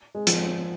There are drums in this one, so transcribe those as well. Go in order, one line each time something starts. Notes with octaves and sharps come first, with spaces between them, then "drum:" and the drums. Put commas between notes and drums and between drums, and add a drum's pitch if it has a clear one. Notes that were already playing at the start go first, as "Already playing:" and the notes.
G#3
F3, drum: hi-hat